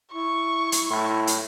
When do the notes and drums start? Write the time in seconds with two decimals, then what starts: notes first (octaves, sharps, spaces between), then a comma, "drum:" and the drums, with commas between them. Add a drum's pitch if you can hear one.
0.14 E4 C#6
0.72 drum: hi-hat
0.91 A2
1.27 drum: hi-hat